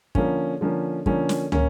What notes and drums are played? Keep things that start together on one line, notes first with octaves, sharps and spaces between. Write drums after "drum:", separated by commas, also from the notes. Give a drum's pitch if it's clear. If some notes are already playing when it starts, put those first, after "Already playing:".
D3 F3 A#3 C#4, drum: kick
D3 F3 A#3 C#4
D3 F3 A#3 C#4, drum: kick
drum: snare
A#3 C#4, drum: tom